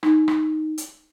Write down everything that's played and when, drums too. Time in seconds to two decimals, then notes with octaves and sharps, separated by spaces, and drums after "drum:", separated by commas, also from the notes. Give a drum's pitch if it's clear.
0.03 D#4, drum: rim click
0.28 drum: rim click
0.78 drum: hi-hat